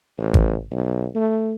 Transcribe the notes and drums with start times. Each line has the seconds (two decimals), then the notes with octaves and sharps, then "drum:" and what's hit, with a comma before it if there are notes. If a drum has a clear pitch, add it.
0.18 A1
0.34 drum: kick G#1
0.71 B1
1.15 A3